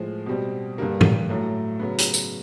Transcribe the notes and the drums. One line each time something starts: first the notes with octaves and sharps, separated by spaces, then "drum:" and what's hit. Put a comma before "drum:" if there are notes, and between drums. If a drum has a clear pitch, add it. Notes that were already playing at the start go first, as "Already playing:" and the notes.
Already playing: A2 F3 G#3
B2 G3 C4
G2 D3 G3 A#3
drum: tom G2
A2 F#3 A3
C#3 F#3 B3
drum: hi-hat
drum: tambourine